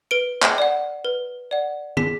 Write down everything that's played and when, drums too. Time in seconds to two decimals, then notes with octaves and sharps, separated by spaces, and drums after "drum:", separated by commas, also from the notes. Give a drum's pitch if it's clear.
0.11 B4 D7
0.42 drum: clap
0.58 D5 F#5
1.05 B4
1.51 D5 F#5
1.97 G#4 B6, drum: tom